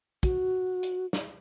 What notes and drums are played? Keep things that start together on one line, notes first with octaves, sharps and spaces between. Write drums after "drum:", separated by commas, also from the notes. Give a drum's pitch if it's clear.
F#4, drum: kick, hi-hat
drum: hi-hat
drum: snare